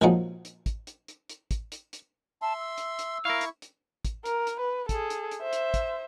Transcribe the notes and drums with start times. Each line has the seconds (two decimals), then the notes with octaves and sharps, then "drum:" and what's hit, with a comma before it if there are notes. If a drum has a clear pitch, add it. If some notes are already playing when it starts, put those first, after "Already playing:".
0.01 A#1 F3 F#3 G#3 D#4 F4
0.45 drum: hi-hat
0.66 drum: kick, hi-hat
0.87 drum: hi-hat
1.08 drum: hi-hat
1.29 drum: hi-hat
1.51 drum: kick, hi-hat
1.72 drum: hi-hat
1.93 drum: hi-hat
2.42 E5 A5 C6
2.60 E6
2.78 drum: hi-hat
2.99 drum: hi-hat
3.25 E4 A#4 F5 C#6
3.41 drum: hi-hat
3.62 drum: hi-hat
4.05 drum: kick, hi-hat
4.25 A#4, drum: hi-hat
4.47 drum: hi-hat
4.60 B4
4.89 G#4 A4, drum: kick, hi-hat
5.10 drum: hi-hat
5.31 drum: hi-hat
5.41 C5 E5
5.53 drum: hi-hat
5.74 drum: kick, hi-hat